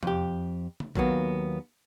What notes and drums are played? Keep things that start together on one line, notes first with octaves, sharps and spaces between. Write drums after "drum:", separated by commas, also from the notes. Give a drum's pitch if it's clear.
F2 G4, drum: tom E2
drum: tom C#3
D#2 F#3 A#3 B3, drum: kick A1